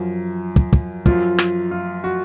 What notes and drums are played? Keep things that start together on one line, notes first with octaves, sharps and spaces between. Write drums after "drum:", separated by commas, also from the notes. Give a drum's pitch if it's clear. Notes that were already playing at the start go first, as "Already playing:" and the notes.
Already playing: F#2 F3
drum: kick
drum: kick
F#2 F3 F4, drum: kick
drum: rim click
F4
F#4